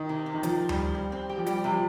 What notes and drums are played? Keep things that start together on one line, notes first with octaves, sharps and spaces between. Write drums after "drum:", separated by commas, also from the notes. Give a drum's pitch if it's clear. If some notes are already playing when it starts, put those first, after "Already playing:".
Already playing: D#3
C3
C3
D#3
C3 F3, drum: hi-hat
C4
G3, drum: tom D2
F3
G3 C4
C4
G4
F3
G3 G4, drum: hi-hat
C3
F3